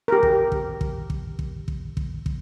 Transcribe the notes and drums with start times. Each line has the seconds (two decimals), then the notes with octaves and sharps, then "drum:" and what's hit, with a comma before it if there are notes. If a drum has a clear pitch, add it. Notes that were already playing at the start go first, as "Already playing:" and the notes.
0.08 G4 A#4
0.23 drum: kick
0.52 drum: kick
0.81 drum: kick
1.10 drum: kick
1.39 drum: kick
1.68 drum: kick
1.97 drum: kick
2.26 drum: kick